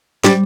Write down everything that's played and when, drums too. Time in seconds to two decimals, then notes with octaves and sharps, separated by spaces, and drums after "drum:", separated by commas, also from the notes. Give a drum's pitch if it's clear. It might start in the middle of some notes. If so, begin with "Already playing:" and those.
0.24 G3, drum: snare